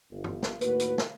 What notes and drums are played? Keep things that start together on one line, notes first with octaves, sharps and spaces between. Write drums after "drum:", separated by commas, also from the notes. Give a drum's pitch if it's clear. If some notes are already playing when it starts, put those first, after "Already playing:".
G1
drum: tom
drum: snare
D#2 A2 A#3 F#4 B4, drum: hi-hat
drum: hi-hat
drum: snare